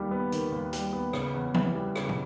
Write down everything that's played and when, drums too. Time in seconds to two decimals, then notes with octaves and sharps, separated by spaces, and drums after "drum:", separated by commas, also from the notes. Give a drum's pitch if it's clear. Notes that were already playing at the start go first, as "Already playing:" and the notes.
Already playing: D#2 D#3 G3
0.11 B3
0.32 D#3, drum: hi-hat
0.52 D#2
0.73 G3, drum: hi-hat
0.93 B3
1.13 C#3, drum: rim click
1.34 E2
1.54 E3, drum: tom
1.75 G3
1.96 C#3, drum: rim click
2.09 drum: tom